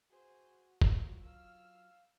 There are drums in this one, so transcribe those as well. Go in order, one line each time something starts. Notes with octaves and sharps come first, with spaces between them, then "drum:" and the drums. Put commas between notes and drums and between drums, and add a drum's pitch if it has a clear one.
F#4 G#4 C5
F#3 A#3 C4 F4, drum: kick G1
F5 E6 F6